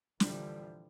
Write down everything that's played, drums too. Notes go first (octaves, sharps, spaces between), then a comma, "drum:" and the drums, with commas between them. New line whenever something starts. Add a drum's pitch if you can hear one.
A#2 D3 E3 F3 G3, drum: snare